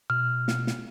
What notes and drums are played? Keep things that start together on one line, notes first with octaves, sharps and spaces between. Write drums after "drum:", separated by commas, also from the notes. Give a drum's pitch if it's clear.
B2 F6
drum: snare
drum: snare